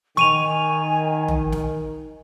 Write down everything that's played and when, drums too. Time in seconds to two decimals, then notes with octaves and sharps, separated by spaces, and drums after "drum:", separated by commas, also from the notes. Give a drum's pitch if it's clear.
0.17 D#3 G#5 C#6 D#7 F7, drum: snare
1.28 drum: tom
1.52 drum: snare